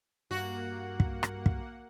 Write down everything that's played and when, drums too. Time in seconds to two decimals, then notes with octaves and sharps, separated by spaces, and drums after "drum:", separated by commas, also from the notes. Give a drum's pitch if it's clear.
0.31 G2 A#3 F#4 F#5
1.00 drum: kick
1.23 drum: rim click
1.46 drum: kick